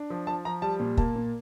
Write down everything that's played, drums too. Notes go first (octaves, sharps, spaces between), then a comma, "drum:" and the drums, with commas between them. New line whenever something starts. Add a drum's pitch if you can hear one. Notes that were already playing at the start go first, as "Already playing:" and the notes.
Already playing: D4
F3
F3 A5
F3 A#5
G3 A5
A#2
A#3 A5, drum: kick
A#2